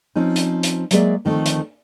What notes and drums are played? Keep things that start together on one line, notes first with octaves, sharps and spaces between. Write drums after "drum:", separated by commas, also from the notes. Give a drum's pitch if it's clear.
F3 C4 C#4 D#4
drum: hi-hat
drum: hi-hat
F#3 G#3 A#3 G#4 D5 E5, drum: hi-hat
D2 D#3 F3 A3 C4
drum: hi-hat